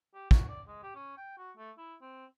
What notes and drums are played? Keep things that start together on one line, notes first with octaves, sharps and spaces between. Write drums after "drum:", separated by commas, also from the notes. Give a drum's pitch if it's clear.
G4
F#4, drum: kick
D5
G#3
G4
C#4
G5
F#4
A3
E4
C4